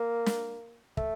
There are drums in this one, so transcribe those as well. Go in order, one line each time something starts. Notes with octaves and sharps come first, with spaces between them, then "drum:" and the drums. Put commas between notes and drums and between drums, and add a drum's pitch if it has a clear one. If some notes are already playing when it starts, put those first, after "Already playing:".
Already playing: A#3
drum: snare
A3, drum: kick